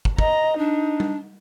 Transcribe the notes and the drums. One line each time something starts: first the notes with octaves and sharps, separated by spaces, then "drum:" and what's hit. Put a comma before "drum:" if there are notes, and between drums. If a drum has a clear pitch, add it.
drum: kick
D#5 A#5, drum: kick
D4 D#4
drum: tom G3